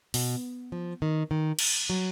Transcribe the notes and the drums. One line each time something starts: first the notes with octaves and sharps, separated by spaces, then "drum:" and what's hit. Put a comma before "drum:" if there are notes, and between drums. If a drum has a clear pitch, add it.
B2, drum: open hi-hat
F3
D#3
D#3
drum: cymbal
F#3